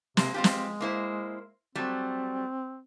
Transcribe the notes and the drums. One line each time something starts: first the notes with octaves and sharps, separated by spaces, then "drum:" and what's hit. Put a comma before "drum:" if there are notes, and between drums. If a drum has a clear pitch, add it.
C3 G#3 A#3 C4, drum: snare
G#3 C4 F4 G4
drum: snare
A#3 E4 C5
F#3 G3 A3 C4